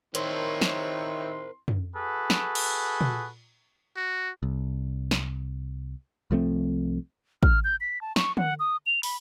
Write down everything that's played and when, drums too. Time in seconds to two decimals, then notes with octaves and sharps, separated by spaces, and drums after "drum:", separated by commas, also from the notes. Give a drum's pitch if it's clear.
0.15 D#3 C4 E4 A#4 C5 C#5 C6, drum: hi-hat
0.61 drum: snare
1.68 drum: tom
1.96 F#4 G#4 A4 B4
2.30 drum: snare
2.55 drum: cymbal
3.01 drum: tom A#2
3.97 F#4
4.43 C2
5.11 drum: snare
6.31 C2 F3 A3 C4
7.43 F6, drum: kick A1
7.64 G6
7.81 B6
8.01 A5
8.16 C#6, drum: snare
8.37 F#5, drum: tom
8.60 D#6
8.86 F7
9.03 B5, drum: open hi-hat